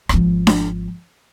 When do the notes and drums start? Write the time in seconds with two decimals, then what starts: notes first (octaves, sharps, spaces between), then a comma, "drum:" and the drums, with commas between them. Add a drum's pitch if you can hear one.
0.09 G#1 F3, drum: rim click
0.47 drum: snare D4